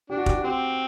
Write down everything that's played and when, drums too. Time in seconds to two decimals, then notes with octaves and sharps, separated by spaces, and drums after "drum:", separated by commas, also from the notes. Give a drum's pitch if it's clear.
0.10 D4 G4
0.17 F#4
0.26 G4, drum: kick
0.35 F#4
0.43 C4 G4